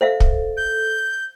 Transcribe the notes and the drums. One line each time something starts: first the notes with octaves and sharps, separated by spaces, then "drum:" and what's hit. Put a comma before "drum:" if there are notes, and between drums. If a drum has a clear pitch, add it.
A4 C5 E5 F5
drum: kick
G6